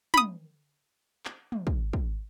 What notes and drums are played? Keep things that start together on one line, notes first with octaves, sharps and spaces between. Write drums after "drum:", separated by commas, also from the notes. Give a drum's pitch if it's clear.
B5 D#6, drum: tom
drum: clap
drum: tom
drum: kick
drum: kick